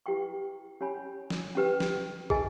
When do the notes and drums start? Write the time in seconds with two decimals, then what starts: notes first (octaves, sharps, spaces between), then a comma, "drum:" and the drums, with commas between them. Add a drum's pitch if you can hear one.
0.06 E4 G4 B4 G5 C#6
0.81 C#4 G4 C#5 G#5 B5
1.30 drum: snare
1.55 C#4 G4 B4 G5
1.80 drum: snare
2.30 G#4 D#5 G#5, drum: kick